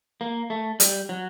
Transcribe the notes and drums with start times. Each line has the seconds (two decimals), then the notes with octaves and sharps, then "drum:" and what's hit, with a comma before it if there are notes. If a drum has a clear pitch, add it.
0.21 A#3
0.50 A3
0.80 G3, drum: hi-hat
1.09 F#3